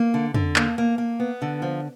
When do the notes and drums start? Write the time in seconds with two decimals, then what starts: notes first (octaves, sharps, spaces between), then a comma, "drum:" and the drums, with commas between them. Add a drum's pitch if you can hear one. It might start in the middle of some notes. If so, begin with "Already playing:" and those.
Already playing: A#3
0.14 D3
0.34 D3, drum: tom
0.56 A#3, drum: clap
0.78 A#3
0.98 A#3
1.20 B3
1.42 D3
1.62 F3